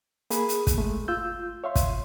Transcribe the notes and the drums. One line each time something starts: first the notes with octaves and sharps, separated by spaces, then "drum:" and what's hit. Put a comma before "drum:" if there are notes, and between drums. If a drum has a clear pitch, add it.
A#3 G#4 B5, drum: hi-hat
drum: hi-hat
drum: kick, hi-hat
G#3 A3
F4 E6 G6
C#5 E5 F5 C6
drum: kick, hi-hat